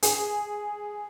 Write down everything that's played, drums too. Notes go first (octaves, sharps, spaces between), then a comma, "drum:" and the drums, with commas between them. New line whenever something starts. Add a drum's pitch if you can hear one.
G#4, drum: hi-hat